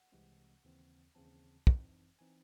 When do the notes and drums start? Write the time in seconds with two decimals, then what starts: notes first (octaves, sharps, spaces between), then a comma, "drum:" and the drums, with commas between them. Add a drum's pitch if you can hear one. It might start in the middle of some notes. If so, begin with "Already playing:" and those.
Already playing: F#5
0.12 C2 C3 E3 G#3 C4
0.64 D#2 C#3 E3 C4
1.15 D#2 C#3 E3 C4 A5
1.67 G#1 F#2 E3 C4 D#4, drum: kick
2.19 E3 C4 D#4 G#5